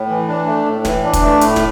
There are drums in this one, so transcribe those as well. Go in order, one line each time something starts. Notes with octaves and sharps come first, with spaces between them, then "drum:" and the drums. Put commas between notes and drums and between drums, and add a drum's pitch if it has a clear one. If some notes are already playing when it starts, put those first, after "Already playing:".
Already playing: A2
E3
D4
A3
A2
E3, drum: snare
D4
drum: kick, hi-hat
A3
A2, drum: hi-hat
drum: snare